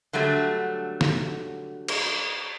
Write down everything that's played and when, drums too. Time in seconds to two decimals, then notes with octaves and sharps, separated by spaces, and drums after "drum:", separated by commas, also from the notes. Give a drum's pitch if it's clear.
0.13 D3 F#3 G3 A3
1.01 drum: snare
1.88 drum: cymbal